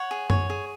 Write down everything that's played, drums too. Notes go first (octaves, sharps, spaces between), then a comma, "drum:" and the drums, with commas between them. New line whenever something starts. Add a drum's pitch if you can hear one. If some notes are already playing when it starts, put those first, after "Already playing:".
Already playing: C#5 F#5
G#4
C#5, drum: tom F#2
G#4